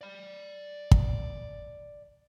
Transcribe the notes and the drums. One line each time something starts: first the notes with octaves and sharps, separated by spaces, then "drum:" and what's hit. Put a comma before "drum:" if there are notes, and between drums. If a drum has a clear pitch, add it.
D5 B5
drum: kick